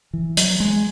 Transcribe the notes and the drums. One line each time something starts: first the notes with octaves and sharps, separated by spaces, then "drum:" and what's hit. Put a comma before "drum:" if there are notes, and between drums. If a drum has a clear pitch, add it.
E3
F#3, drum: hi-hat
G#3